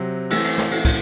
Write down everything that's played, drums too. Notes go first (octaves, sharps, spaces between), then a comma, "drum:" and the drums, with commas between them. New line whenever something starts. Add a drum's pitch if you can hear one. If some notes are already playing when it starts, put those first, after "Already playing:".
Already playing: C3 F#3 C4
E3 A3 C4 E6, drum: cymbal
drum: cymbal
drum: snare
drum: cymbal
drum: kick, cymbal